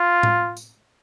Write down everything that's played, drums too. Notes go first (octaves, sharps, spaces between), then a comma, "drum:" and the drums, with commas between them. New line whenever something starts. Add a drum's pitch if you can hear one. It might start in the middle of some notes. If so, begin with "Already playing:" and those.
Already playing: F4
drum: tom A2
drum: tambourine